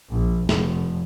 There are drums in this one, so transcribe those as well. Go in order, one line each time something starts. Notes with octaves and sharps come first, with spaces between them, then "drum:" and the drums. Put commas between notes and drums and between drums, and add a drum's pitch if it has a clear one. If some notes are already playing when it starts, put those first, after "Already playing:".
A#1
F1, drum: snare